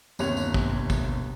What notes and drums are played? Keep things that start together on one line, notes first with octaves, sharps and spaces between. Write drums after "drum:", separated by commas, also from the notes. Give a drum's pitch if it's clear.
G1 D#2 C3 C#5 F#6 F7, drum: tambourine
drum: tambourine
drum: kick
drum: kick, tambourine